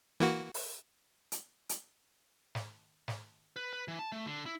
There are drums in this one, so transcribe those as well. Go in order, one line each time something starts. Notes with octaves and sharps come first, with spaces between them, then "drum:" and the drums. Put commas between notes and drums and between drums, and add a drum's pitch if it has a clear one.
E3 A#3 F#4
drum: open hi-hat
drum: hi-hat
drum: hi-hat
drum: snare
drum: snare
B4
B4
E3
A5
A3
D3
E4